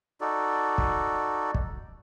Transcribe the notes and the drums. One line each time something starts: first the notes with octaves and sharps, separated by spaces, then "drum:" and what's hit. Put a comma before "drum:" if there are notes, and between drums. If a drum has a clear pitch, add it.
D#4 F#4 A4 D5
drum: kick
drum: kick